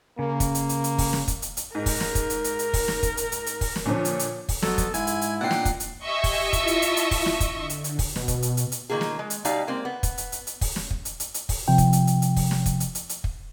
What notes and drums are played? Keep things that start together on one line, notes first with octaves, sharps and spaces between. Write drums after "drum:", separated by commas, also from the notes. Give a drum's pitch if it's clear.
C#3 A#3
drum: kick, hi-hat
drum: hi-hat
drum: hi-hat
drum: hi-hat
drum: kick, open hi-hat
drum: snare
drum: kick, hi-hat
drum: hi-hat
drum: hi-hat
G#2 A#4
drum: kick, open hi-hat
drum: snare
drum: kick, hi-hat
drum: hi-hat
drum: hi-hat
drum: hi-hat
drum: kick, open hi-hat
drum: snare
drum: kick, hi-hat
drum: hi-hat
drum: hi-hat
drum: hi-hat
drum: kick, open hi-hat
drum: snare
A#2 D3 F3 C#5
drum: hi-hat
drum: hi-hat
drum: kick, open hi-hat
F2 F#3 B3 A4, drum: snare
drum: kick, hi-hat
G#2 E4 G#5, drum: hi-hat
drum: hi-hat
drum: hi-hat
A#2 D4 D#4 F4 F#5 G5 C7
drum: snare
drum: kick, hi-hat
drum: hi-hat
G4 D#5 E5 G#5 C#6
drum: kick, open hi-hat
E4 F4 A5
drum: kick, hi-hat
drum: hi-hat
drum: hi-hat
drum: hi-hat
drum: kick, open hi-hat
drum: snare
drum: kick, hi-hat
D3
drum: hi-hat
drum: hi-hat
drum: kick, open hi-hat
B2, drum: snare
drum: kick, hi-hat
drum: hi-hat
drum: hi-hat
drum: hi-hat
D#3 F3 A#3 F4 G#4
drum: snare
G#3
drum: hi-hat
B2 G3 D#4 G4 D5 F5, drum: hi-hat
G#3 A#3 C4
B3
drum: kick, hi-hat
drum: hi-hat
drum: hi-hat
drum: hi-hat
drum: kick, open hi-hat
drum: snare
drum: kick
drum: hi-hat
drum: hi-hat
drum: hi-hat
drum: kick, open hi-hat
C3 F3 G5
drum: kick, hi-hat
drum: hi-hat
drum: hi-hat
drum: hi-hat
drum: kick, open hi-hat
drum: snare
drum: kick, hi-hat
drum: hi-hat
drum: hi-hat
drum: hi-hat
drum: kick